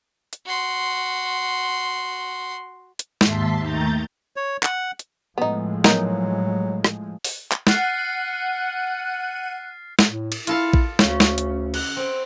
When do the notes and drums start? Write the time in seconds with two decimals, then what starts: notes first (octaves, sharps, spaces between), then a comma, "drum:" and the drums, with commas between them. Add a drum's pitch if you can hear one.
0.33 drum: hi-hat
0.46 F#4 C6
2.99 drum: hi-hat
3.21 D#2 G#2 E5 A5 C6 B6, drum: snare
3.59 D#2 D#3 A3 A#5 G6 A6
4.36 C#5
4.63 F#5, drum: clap
4.99 drum: hi-hat
5.38 A2 F3 G#3 B3 D#4
5.84 F#3 B3 D#4 A#4, drum: snare
6.84 drum: rim click
7.24 drum: open hi-hat
7.52 drum: clap
7.67 F#5 F6 F#6 A6 C7 D#7, drum: snare
9.99 drum: snare
10.08 A2
10.32 drum: cymbal
10.47 E4 F4 A4 F5, drum: hi-hat
10.73 drum: kick
10.99 D2 C#3 C#4, drum: snare
11.20 drum: snare
11.38 drum: hi-hat
11.74 F#5, drum: cymbal
11.97 C4